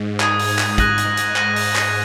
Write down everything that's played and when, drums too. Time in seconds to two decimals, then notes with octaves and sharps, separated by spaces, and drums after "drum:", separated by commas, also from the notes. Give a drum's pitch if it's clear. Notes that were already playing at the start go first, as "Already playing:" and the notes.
Already playing: G#2
0.20 D#6 G#6 D#7, drum: clap
0.39 drum: open hi-hat
0.59 drum: clap
0.78 F#6 A#6 D#7 F#7, drum: kick, hi-hat
0.98 drum: hi-hat
1.17 drum: hi-hat
1.36 F#6 A#6 D#7 F#7, drum: clap
1.56 drum: open hi-hat
1.76 drum: clap